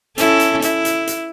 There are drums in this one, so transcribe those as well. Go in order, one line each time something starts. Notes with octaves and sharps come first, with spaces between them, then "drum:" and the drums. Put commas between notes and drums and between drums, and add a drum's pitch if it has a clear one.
C#4 E4 A4, drum: hi-hat
drum: hi-hat
E4, drum: hi-hat
drum: hi-hat
drum: hi-hat